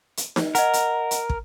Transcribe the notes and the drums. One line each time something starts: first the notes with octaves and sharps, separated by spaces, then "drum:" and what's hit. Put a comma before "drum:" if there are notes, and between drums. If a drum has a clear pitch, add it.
drum: hi-hat
drum: snare D#4
A#4 D#5 F#5, drum: hi-hat
drum: hi-hat
drum: hi-hat
drum: kick